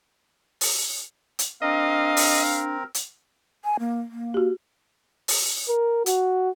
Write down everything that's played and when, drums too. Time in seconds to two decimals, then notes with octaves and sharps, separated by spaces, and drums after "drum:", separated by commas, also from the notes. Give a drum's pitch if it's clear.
0.61 drum: open hi-hat
1.39 drum: hi-hat
1.62 C4 D4 A#4 D#5 F5
2.17 drum: open hi-hat
2.94 drum: hi-hat
3.64 G#5
3.79 A#3
4.11 A#3
4.34 F#4 G4
5.28 drum: open hi-hat
5.68 A#4
6.06 F#4, drum: hi-hat